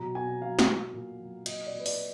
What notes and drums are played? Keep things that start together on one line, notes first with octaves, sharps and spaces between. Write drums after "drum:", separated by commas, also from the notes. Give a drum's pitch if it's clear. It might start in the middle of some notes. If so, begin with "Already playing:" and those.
Already playing: B2 F#3 A#5
B2 G#5
F#3 F5
drum: snare
F#3
A#2
F#3
A#2 D#5, drum: cymbal
D5
A#2
B4
D5, drum: open hi-hat